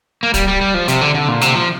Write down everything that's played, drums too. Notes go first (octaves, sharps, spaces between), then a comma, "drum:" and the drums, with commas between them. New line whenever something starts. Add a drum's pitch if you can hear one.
A#3
G3, drum: kick D1, hi-hat
G3
G3
F3
C3, drum: hi-hat
D3
D3
A#2
C3, drum: hi-hat
F3